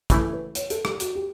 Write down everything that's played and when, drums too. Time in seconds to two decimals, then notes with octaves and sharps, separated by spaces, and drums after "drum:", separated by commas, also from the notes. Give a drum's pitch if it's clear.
0.10 C#3 E3 A3 E4 A4, drum: kick, hi-hat
0.33 B4
0.55 C#5, drum: hi-hat
0.70 A4, drum: hi-hat
0.85 G4, drum: rim click
1.00 F#4, drum: hi-hat
1.15 G4